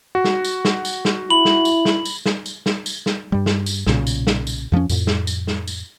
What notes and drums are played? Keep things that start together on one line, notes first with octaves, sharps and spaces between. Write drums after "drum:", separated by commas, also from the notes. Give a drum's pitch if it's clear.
F#4
drum: snare
drum: tambourine
drum: snare
drum: tambourine
drum: snare
E4 B5 F#7
drum: snare
drum: tambourine
drum: snare
drum: tambourine
drum: snare
drum: tambourine
drum: snare
drum: tambourine
drum: snare
G2 G3
drum: snare
drum: tambourine
B1 A#2 C#3, drum: snare
drum: tambourine
drum: snare
drum: tambourine
F2 F3 G#3 C#4
F2 A2, drum: tambourine
drum: snare
drum: tambourine
drum: snare
drum: tambourine